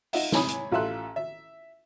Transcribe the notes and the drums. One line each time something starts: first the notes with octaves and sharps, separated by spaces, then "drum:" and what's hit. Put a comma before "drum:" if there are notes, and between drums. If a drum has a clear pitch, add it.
D#4 F4 D#5 E5 F#5, drum: open hi-hat
C3 E4 C#5 G#5 B5 D#6, drum: snare
drum: hi-hat
A1 F4 A4 E5 C6 F#6
E5